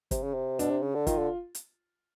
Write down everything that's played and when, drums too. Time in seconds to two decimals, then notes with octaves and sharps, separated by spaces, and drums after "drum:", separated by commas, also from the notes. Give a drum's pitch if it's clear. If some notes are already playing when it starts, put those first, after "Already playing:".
0.11 C3, drum: kick, hi-hat
0.23 C#3
0.34 C3
0.59 B2 D4, drum: hi-hat
0.71 C3
0.83 C#3
0.95 D3
1.07 D#3 F4, drum: kick, hi-hat
1.18 D3
1.55 drum: hi-hat